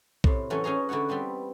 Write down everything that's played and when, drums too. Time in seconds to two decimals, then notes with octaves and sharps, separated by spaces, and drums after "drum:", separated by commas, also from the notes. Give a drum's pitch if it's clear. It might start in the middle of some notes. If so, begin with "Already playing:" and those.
0.24 A2 C3, drum: kick B1
0.50 E3 F#3 A3 C#4
0.64 C#4 D#4 G#4 A#5
0.89 D3 E4 F#4 C#5 F#5
1.09 G3 B3 C4 D4